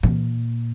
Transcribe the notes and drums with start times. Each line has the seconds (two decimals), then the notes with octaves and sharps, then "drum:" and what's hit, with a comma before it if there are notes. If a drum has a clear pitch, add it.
0.03 A#2, drum: tom E3